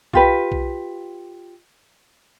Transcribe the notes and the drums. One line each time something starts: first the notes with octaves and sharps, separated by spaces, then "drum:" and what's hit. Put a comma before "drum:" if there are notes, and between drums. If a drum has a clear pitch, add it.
F4 G4 B4, drum: kick B1
drum: kick B1